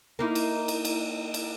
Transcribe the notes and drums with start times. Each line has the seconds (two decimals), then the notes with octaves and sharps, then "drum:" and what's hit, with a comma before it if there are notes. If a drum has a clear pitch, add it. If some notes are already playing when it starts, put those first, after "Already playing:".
0.19 A#3 D#4 E4
0.35 drum: cymbal
0.68 drum: cymbal
0.85 drum: cymbal
1.34 drum: cymbal